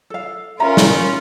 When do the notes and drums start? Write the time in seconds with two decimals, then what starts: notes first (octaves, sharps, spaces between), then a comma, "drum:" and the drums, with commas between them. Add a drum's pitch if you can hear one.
0.10 A4 F5
0.60 C#4 F4 A#4 E5 A#5 B5
0.77 drum: snare